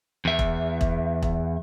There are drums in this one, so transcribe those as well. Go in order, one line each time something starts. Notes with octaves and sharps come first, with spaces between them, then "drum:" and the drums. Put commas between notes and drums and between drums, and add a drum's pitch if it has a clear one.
E2 E5
drum: kick E1
drum: kick E1
drum: kick E1